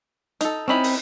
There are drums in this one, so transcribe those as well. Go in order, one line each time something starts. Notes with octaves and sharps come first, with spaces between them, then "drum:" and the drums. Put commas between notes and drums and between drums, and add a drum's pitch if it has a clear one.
D#4 A4, drum: hi-hat
C4 C#4 D#4 E4 B5
drum: open hi-hat